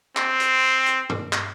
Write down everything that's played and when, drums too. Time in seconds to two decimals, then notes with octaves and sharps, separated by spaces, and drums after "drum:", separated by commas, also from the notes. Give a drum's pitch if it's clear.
0.17 C4, drum: clap
0.40 drum: hi-hat
0.86 drum: hi-hat
1.10 drum: tom G2
1.33 drum: clap